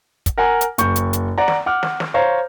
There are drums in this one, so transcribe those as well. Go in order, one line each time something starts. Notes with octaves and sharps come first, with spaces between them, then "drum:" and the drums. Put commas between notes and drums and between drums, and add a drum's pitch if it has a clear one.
drum: kick, hi-hat
A#4 F#5 G#5 A#5
drum: hi-hat
F#1 C#6 G6, drum: hi-hat
drum: hi-hat
drum: hi-hat
D5 F#5 A#5
drum: snare
F#5 D6 F6
drum: snare
drum: snare
C5 C#5 F5 A#5